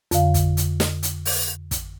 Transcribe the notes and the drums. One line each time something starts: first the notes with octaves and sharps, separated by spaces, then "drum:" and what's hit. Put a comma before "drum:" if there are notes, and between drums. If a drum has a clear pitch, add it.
F2 D3 F5, drum: hi-hat
drum: kick, hi-hat
drum: hi-hat
drum: snare
drum: hi-hat
drum: open hi-hat
drum: kick, hi-hat